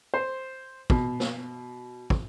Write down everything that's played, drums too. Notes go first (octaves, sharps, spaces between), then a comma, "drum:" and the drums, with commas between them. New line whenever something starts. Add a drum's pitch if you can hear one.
C5
B2, drum: kick
drum: snare
drum: kick